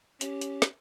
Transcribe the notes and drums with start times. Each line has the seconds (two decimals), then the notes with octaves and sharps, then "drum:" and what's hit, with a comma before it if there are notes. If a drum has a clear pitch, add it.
0.21 C#4 G4, drum: hi-hat
0.41 drum: hi-hat
0.62 drum: snare